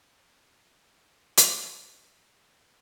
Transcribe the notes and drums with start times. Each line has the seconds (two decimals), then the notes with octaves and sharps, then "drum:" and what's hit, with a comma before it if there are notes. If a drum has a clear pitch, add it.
1.38 drum: hi-hat
2.09 G4 A#4 C#5 D#5 E5 G#5